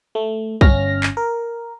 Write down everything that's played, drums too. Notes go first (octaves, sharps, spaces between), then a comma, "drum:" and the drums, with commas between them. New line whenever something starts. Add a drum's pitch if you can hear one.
A3
G1 C#4 F6 A#6, drum: kick B1
drum: clap
A#4